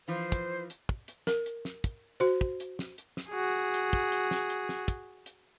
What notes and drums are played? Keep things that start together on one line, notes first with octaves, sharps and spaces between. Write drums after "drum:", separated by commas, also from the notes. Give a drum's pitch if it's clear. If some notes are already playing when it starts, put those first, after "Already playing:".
E3 F3 C5
drum: kick, hi-hat
drum: hi-hat
drum: kick
drum: hi-hat
A#4, drum: snare
drum: hi-hat
drum: snare
drum: kick, hi-hat
F#4 C5, drum: hi-hat
drum: kick
drum: hi-hat
drum: snare
drum: hi-hat
drum: snare
F#4 G#4
drum: hi-hat
drum: kick
drum: hi-hat
drum: snare
drum: hi-hat
drum: snare
drum: kick, hi-hat
drum: hi-hat